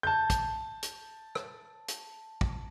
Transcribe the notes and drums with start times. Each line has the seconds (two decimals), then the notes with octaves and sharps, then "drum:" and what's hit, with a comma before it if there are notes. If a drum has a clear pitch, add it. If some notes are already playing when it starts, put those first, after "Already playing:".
0.03 A5 G6
0.30 drum: kick, hi-hat
0.83 drum: hi-hat
1.35 drum: rim click
1.88 drum: hi-hat
2.41 drum: kick